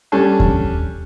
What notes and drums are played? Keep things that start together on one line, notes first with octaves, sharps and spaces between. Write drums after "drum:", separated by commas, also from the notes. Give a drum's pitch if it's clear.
G3 C#4 D4 A4
drum: kick D#2